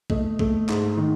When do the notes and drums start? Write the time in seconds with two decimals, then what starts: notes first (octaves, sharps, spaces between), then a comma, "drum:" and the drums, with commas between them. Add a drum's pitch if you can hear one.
0.10 A3 D#5, drum: kick
0.39 A3, drum: kick
0.69 G#2, drum: clap
0.97 D#3